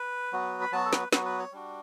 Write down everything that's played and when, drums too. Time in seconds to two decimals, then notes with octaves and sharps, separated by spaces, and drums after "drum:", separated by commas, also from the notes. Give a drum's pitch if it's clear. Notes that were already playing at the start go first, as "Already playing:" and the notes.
Already playing: B4
0.33 F#3 B3 F#4
0.61 B5
0.72 F#3 B3 F#4 A5
0.85 A4
0.93 B4, drum: snare
1.13 F#3 B3 F#4 B4, drum: snare
1.26 B4
1.39 C#5
1.52 G3 D4 F#4